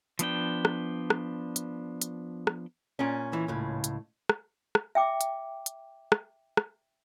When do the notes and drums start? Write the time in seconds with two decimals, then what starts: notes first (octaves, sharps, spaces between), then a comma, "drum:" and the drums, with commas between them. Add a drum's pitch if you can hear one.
0.19 F3 B3 D4 G5, drum: hi-hat
0.65 drum: rim click
1.10 drum: rim click
1.56 drum: hi-hat
2.02 drum: hi-hat
2.47 drum: rim click
2.99 A#2 C#4
3.33 E3
3.48 C#2 A2
3.84 drum: hi-hat
4.29 drum: rim click
4.75 drum: rim click
4.95 E5 G5 D6
5.21 drum: hi-hat
5.66 drum: hi-hat
6.12 drum: rim click
6.57 drum: rim click